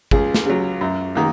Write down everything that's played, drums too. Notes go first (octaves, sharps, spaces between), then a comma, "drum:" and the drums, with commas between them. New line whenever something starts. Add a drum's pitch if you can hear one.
C#2 G#4, drum: kick
drum: snare
C#3 F#3
F#2
D#3 A#3